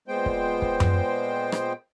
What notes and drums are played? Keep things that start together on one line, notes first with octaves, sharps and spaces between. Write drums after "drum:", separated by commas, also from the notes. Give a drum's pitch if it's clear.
A#2 G#3 B3 C5 G5
drum: kick
drum: kick
drum: tom F#2
drum: rim click